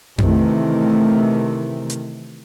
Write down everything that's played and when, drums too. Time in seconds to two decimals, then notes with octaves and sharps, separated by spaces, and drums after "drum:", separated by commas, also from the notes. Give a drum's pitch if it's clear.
0.18 C3 D#3 E3 A3, drum: tom F2
1.90 drum: hi-hat